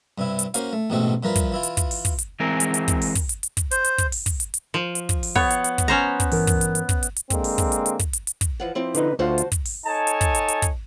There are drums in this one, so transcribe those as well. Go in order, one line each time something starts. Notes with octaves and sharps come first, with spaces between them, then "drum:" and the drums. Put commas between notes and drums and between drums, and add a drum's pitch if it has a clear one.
G2 C3 E4
drum: hi-hat
A#3 C#4 F#4 C5 F5, drum: hi-hat
A3
A1 G#2 B2 A3 C4 F#4
G2 E3 F3 A#4 B4
drum: kick, hi-hat
E3 E4 F4
drum: hi-hat
drum: kick, hi-hat
drum: open hi-hat
drum: kick, hi-hat
drum: hi-hat
E3 G#3 C4 G#4 A#4
drum: hi-hat
drum: hi-hat
drum: kick, hi-hat
drum: open hi-hat
drum: kick, hi-hat
drum: hi-hat
drum: hi-hat
drum: kick, hi-hat
C5, drum: hi-hat
drum: hi-hat
drum: kick, hi-hat
drum: open hi-hat
drum: kick, hi-hat
drum: hi-hat
drum: hi-hat
F3
drum: hi-hat
drum: kick, hi-hat
drum: open hi-hat
B3 C#5, drum: kick
drum: hi-hat
drum: hi-hat
drum: kick, hi-hat
C#4 C5 A#5
drum: kick, hi-hat
G2 E3 A#4, drum: open hi-hat
drum: kick, hi-hat
drum: hi-hat
drum: hi-hat
drum: kick, hi-hat
drum: hi-hat
drum: hi-hat
D3 G#3 A#3 C4, drum: kick, hi-hat
drum: open hi-hat
drum: kick, hi-hat
drum: hi-hat
drum: hi-hat
drum: kick, hi-hat
drum: hi-hat
drum: hi-hat
drum: kick, hi-hat
E3 F3 F#5
F3 C4 E4
D3 D#4 B4, drum: hi-hat
D2 F4 F#4 C5 F5 A5
drum: hi-hat
drum: kick, hi-hat
drum: open hi-hat
D#4 A4 C#5 G#5 A5
drum: hi-hat
drum: kick, hi-hat
drum: hi-hat
drum: hi-hat
drum: kick, hi-hat